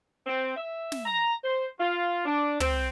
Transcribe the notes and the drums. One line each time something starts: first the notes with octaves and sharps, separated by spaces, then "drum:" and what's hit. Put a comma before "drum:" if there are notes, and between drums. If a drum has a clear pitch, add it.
C4
E5
drum: snare
A#5
C5
F4
D4
C4, drum: tom